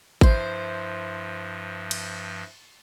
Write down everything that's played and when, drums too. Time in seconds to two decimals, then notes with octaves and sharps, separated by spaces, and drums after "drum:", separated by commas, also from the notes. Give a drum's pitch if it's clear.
0.21 G2 F3 E4 C5, drum: kick G#1
1.91 drum: cymbal